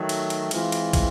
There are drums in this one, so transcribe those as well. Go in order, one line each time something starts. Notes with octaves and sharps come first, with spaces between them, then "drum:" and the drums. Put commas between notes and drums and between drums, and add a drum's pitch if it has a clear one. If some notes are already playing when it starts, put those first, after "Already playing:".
Already playing: D#3 F#3 A3
drum: cymbal
drum: cymbal
E3 G#3 C4 F4, drum: cymbal
drum: cymbal
drum: kick, cymbal